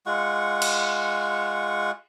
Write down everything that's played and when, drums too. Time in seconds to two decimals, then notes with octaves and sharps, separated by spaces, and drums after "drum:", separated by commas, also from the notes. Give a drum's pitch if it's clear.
0.06 G#3 F4 F#5 C#6
0.62 drum: cymbal